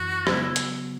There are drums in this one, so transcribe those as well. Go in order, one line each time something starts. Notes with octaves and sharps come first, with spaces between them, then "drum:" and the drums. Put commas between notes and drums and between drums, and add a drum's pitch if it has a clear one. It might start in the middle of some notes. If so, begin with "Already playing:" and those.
Already playing: F#2 E3 F#4
C#3 F#3 B3 E4, drum: rim click
drum: hi-hat